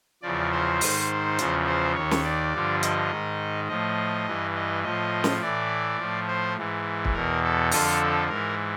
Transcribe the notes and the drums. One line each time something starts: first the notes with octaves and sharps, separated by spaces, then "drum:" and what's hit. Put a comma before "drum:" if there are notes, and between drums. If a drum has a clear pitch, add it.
E2 C#3 F3 D5
C5
G#2 D#3, drum: open hi-hat
E2 C#3 F3, drum: hi-hat
C5
D#2 D#3 C#5
drum: snare
D5
G2 D3 F3
D#5, drum: hi-hat
G#2 D#3
A2 F3 D#5
G2 E3
D#5
A2 F3 D#5
drum: snare
A2 E3 D5
A2 F3
C5
G#2 E3
drum: kick
E2 B2 A#4
A4
F2 D3 F3 A4, drum: open hi-hat
G#2 E3 A#4